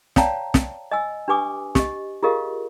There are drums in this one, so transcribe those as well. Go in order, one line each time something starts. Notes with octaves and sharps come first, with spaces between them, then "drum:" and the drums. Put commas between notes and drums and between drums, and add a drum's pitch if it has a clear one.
C#5 D5 F5 G5 A5 A#5, drum: snare
drum: snare
D#5 G#5 E6
D4 G4 B4 G#5 D6 D#6
G4 D#5, drum: snare
F4 G4 G#4 A#4 D#5 F5